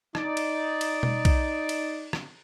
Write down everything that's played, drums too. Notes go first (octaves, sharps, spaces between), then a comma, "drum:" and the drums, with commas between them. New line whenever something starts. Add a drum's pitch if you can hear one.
D#4 D5, drum: rim click
drum: cymbal
drum: cymbal
drum: tom B2
drum: kick B1, cymbal
drum: cymbal
drum: rim click